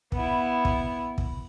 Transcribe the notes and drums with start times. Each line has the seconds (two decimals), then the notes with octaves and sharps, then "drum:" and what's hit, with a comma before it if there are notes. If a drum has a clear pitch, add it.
0.12 B3 E4, drum: kick
0.65 drum: kick
1.18 drum: kick